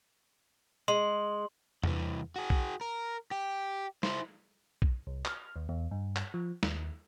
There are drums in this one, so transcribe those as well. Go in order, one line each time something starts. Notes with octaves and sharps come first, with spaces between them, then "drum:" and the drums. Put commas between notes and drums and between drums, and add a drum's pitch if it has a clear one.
G#3 C6
C2 E3, drum: tom E2
F#4 G#4
drum: kick B1
A#4
G4
E4 C5, drum: snare
drum: kick B1
C2
F6, drum: clap
D#2
E2
G2
drum: clap
F3
D#2, drum: snare